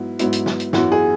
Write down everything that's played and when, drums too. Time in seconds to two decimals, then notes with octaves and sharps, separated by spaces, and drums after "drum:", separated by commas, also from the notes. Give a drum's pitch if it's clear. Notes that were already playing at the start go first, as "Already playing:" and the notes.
Already playing: G#2 F#3 B3 E4
0.19 G#2 F#3 B3 E4, drum: hi-hat
0.33 drum: hi-hat
0.46 drum: snare
0.60 drum: hi-hat
0.73 F#2 E3 B3 E4 F#4, drum: snare
0.92 G#4